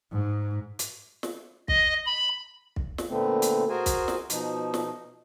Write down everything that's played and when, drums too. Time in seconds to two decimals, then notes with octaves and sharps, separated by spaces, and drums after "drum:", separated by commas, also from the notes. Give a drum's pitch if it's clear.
0.11 G#2
0.79 drum: hi-hat
1.23 drum: snare
1.68 D#5, drum: kick
2.06 B5
2.76 drum: kick
2.98 drum: snare
3.09 A#2 D3 A3 B3 C4
3.42 drum: hi-hat
3.69 F#4 G#4 A#4 C5 G#5
3.86 drum: kick, hi-hat
4.08 drum: snare
4.30 B2 F3 D#4, drum: hi-hat
4.74 drum: snare